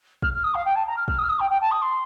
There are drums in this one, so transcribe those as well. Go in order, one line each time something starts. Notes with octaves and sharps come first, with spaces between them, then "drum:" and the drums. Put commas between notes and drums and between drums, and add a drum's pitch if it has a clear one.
F6, drum: kick
F6
D#6
F5
G5
A5
A#5
F6
F6, drum: kick
D#6
F6
D#6
G5
G5
A5
D#6
C6